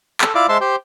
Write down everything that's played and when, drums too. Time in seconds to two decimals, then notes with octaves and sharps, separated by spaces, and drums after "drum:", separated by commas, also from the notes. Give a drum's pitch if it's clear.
0.21 A4, drum: clap
0.35 E4 F4 D5 F5 D6
0.49 G#3 C5 E5 A5 C6
0.61 G4 C5